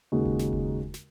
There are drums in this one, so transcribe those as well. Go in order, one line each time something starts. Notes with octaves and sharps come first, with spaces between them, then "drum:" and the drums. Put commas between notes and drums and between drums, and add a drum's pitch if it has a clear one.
D#2 C#3 G#3 D#4 F#4
drum: kick F1
drum: snare
drum: kick F1
drum: snare